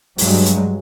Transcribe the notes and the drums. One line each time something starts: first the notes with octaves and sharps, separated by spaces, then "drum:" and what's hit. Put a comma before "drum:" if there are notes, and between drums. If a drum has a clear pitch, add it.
G2 F#3 G#3, drum: open hi-hat
drum: hi-hat